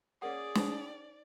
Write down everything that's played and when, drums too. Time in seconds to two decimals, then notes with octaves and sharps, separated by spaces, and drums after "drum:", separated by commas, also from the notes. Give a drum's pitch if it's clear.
0.22 A#3 C#4 G#4 D5 F#5
0.56 D#4 C5 C#5, drum: snare